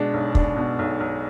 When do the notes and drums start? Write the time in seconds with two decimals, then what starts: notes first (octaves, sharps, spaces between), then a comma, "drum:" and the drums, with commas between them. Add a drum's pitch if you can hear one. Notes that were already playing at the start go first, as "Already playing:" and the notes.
Already playing: B2 G#3 D4
0.14 B1
0.35 D4, drum: kick
0.57 B2
0.79 B1
1.00 B1